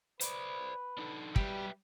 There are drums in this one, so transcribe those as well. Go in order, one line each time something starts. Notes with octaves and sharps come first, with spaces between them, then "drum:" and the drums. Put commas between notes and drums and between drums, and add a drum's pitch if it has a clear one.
B4 C5 D5, drum: hi-hat
D4 D#4 A4
G3 B4 E5 G5, drum: kick